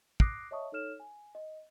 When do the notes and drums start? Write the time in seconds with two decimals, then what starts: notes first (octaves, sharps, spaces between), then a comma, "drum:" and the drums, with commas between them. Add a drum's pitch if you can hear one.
0.20 D6 D#6 F#6 A#6 C7 D7, drum: kick
0.51 C#5 D#5 E5 A5 C#6 D#6
0.72 D#4 A4 C#5 F6 E7
1.00 G#5
1.35 D#5